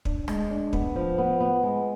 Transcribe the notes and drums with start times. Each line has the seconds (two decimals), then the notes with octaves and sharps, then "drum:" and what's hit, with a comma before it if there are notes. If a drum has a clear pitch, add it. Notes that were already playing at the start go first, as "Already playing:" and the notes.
0.05 D4, drum: kick
0.28 G#3, drum: rim click
0.50 D4
0.73 B3, drum: kick
0.96 F3
1.18 B3
1.40 B3
1.63 G#3